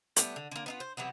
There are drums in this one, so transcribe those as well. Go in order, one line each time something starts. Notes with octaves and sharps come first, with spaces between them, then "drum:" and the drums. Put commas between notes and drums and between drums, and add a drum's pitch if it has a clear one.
G3 A3 B3, drum: hi-hat
D3
D3 A#3
B3 D#4 F4
C5
C3 E3 F#3 B3